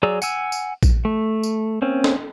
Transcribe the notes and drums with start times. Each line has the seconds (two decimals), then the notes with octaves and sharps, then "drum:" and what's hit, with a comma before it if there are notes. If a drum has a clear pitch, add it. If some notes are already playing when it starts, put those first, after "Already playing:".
0.03 F#3 G#4 D5 A#5 E6
0.22 F#5 G#5 E6, drum: tambourine
0.52 drum: tambourine
0.83 drum: kick A#1, tambourine
1.05 A3
1.43 drum: tambourine
1.82 A#3 C4 C#4
2.04 drum: snare